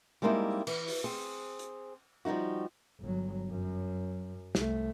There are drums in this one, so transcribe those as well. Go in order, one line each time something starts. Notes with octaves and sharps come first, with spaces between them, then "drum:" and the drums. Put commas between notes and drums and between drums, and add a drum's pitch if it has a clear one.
G3 G#3 A#3 C4 D#4 E4
E3, drum: cymbal
drum: open hi-hat
C4 G#4
drum: hi-hat
F3 G3 G#3 D#4 F#4
G1 F#3
F#2
C2 A3, drum: snare